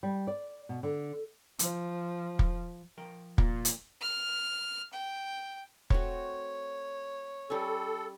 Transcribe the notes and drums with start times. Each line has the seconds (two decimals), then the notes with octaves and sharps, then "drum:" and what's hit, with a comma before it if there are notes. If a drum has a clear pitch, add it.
0.03 G3
0.27 D5
0.69 B2
0.83 D3
1.59 F3, drum: hi-hat
2.39 drum: kick
2.98 F3 A#4 G5
3.38 A#2, drum: kick
3.65 drum: hi-hat
4.01 F6
4.93 G5
5.90 A3 C4 F#4 C#5, drum: kick
7.50 G3 C#4 A4